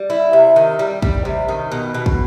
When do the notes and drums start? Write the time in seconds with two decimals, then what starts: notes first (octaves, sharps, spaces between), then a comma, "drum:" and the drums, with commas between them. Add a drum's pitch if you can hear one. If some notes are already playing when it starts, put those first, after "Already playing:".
Already playing: G3
0.10 E4
0.33 C3
0.56 D#3
0.79 G3
1.02 G3, drum: kick
1.25 C3
1.48 D#3
1.72 B2
1.94 B2
2.06 drum: kick